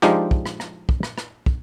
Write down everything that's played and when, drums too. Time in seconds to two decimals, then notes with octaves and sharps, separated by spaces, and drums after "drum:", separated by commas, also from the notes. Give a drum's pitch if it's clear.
0.02 F3 G#3 D4 D#4 F4 G4, drum: rim click
0.31 drum: kick
0.46 drum: rim click
0.60 drum: rim click
0.89 drum: kick
1.03 drum: rim click
1.18 drum: rim click
1.46 drum: kick